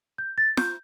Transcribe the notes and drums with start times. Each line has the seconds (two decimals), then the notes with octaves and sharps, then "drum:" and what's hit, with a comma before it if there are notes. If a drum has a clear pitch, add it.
0.18 G6
0.38 A6
0.57 G6, drum: snare